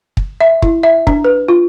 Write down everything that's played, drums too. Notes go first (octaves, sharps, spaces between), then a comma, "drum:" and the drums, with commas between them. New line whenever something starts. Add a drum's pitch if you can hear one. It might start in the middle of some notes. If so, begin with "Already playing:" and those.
drum: kick
E5
E4, drum: kick
E5
D4, drum: kick
B4
F4